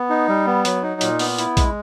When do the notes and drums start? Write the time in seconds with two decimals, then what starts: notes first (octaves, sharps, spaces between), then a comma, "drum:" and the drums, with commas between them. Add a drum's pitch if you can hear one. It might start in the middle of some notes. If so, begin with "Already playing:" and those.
Already playing: B3
0.10 D#4
0.28 G3
0.47 B3
0.65 F#3, drum: hi-hat
0.82 D#4
1.01 A#2, drum: hi-hat
1.19 B3, drum: open hi-hat
1.38 E4, drum: hi-hat
1.57 G#3, drum: kick, hi-hat